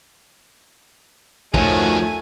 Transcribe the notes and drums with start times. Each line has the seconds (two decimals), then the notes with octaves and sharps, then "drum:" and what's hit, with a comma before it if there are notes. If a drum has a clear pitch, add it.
1.54 D2 D#3 F3 F#3 A3 G#5, drum: kick